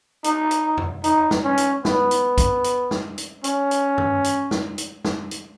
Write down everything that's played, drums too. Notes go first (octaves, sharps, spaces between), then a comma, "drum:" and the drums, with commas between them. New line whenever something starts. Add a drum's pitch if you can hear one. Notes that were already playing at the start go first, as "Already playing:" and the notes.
D#4, drum: hi-hat
drum: hi-hat
drum: tom E2
D#4, drum: hi-hat
drum: snare
C#4
drum: hi-hat
B3, drum: snare
drum: hi-hat
drum: kick A#1, hi-hat
drum: hi-hat
drum: snare
drum: hi-hat
C#4, drum: hi-hat
drum: hi-hat
drum: tom G2
drum: hi-hat
drum: snare
drum: hi-hat
drum: snare
drum: hi-hat